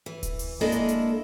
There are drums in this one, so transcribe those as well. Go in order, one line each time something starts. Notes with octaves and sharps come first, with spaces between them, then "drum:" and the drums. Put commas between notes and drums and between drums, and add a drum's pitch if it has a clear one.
E3
drum: kick D1, hi-hat
drum: open hi-hat
G#3 A#3 D4 E4 A4 D#5
drum: hi-hat
drum: hi-hat